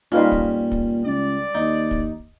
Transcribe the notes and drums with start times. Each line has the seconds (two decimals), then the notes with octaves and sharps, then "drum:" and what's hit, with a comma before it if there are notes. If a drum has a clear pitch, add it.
0.12 A#2 G3 C#4 D#4 F4 B4
0.32 drum: kick
0.72 drum: kick
1.05 C#2 D5
1.55 D#2 D#4
1.91 drum: kick